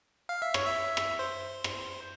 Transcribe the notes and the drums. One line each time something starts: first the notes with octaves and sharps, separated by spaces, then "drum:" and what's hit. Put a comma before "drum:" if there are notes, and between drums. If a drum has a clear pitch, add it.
F5
E5
C#5, drum: rim click
E5
drum: rim click
C5
drum: rim click